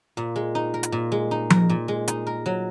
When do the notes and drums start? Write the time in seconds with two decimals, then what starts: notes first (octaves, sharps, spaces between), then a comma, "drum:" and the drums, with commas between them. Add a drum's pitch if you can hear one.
0.17 A#2
0.36 G#3
0.55 D#4
0.74 A#4
0.83 drum: hi-hat
0.92 A#2
1.12 G#3
1.31 D#4
1.50 A#4, drum: tom F3
1.69 A#2
1.88 G#3
2.08 D#4, drum: hi-hat
2.27 A#4
2.46 F#3